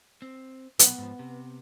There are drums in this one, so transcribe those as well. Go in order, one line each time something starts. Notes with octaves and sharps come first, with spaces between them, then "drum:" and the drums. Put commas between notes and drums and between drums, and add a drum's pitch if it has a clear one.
C4
B1 B3, drum: hi-hat
G#2 F3
C3